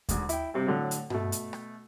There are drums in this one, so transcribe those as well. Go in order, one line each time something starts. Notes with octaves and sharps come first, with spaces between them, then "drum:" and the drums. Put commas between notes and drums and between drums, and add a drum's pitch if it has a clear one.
D2 G#2, drum: kick D#2, hi-hat
E4 G5, drum: hi-hat
G2 C3 C4
A2 D3 F#3
drum: hi-hat
B2 A3, drum: tom G2
drum: hi-hat
drum: rim click